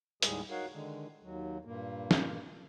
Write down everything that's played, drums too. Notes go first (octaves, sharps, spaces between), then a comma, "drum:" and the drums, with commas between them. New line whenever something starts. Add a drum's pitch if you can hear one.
D#2 A2 G3 G#3 G#4, drum: hi-hat
D#4 F#4 A#4 C#5 F5 F#5
D3 D#3 G#3
D#2 F#3
G2 A#2 A#3
drum: snare